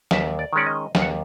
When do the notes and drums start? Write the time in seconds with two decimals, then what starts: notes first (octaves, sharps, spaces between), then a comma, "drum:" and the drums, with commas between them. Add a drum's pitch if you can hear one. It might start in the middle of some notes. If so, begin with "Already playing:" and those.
0.11 D#2 E5, drum: snare
0.39 D5
0.53 D#3 G#3 C#4 D5
0.66 D#5
0.95 D#2 F5, drum: snare
1.02 F#5